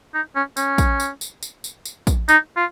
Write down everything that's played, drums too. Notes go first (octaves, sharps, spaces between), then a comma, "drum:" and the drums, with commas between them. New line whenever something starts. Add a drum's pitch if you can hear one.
D#4
C#4
C#4, drum: tambourine
drum: kick, tambourine
drum: tambourine
drum: tambourine
drum: tambourine
drum: tambourine
drum: tambourine
drum: kick, tambourine
D#4, drum: tambourine
F4